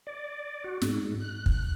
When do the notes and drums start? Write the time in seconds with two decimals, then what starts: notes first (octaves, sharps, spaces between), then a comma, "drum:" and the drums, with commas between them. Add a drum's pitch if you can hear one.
0.07 D5
0.64 F#4
0.82 G#2, drum: snare
1.20 F#6
1.46 drum: kick